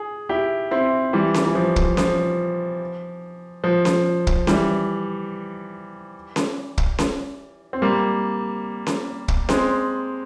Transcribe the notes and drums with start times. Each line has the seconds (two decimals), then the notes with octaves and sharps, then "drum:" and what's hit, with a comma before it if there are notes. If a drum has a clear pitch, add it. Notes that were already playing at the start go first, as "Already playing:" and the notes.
Already playing: G#4
0.29 E4 G4
0.71 C4 E4
1.13 E3 G3
1.34 drum: snare C#4
1.45 E3
1.55 F3
1.76 drum: kick
1.97 F3, drum: snare C#4
3.64 F3
3.85 drum: snare C#4
4.27 drum: kick
4.47 E3 G3, drum: snare C#4
6.36 drum: snare C#4
6.78 drum: kick
6.99 drum: snare C#4
7.73 C4
7.82 G3 A#3
8.87 drum: snare C#4
9.28 drum: kick
9.49 G#3 C4, drum: snare C#4